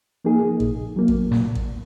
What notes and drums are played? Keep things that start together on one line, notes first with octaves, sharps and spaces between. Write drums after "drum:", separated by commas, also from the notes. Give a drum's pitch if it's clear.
F3 A#3 D#4 G#4
A#2, drum: kick A1
F#3 A#3
drum: kick A1
A#2, drum: snare
drum: kick A1